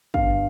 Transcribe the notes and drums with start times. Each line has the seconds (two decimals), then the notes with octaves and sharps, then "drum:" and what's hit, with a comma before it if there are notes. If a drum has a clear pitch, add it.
0.14 G1 G2 D3 F5, drum: kick